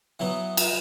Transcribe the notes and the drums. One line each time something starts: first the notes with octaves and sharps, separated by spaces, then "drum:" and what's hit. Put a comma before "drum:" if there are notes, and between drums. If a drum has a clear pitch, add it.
E3 F#3 B3
drum: cymbal